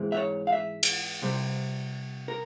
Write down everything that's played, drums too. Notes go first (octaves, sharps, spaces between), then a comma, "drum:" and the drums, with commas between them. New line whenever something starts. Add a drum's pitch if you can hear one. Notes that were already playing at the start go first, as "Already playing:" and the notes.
Already playing: G#2 E3 G#3 C4
E5
C#5
F5
E5
drum: cymbal
C3 G3 C4
A#4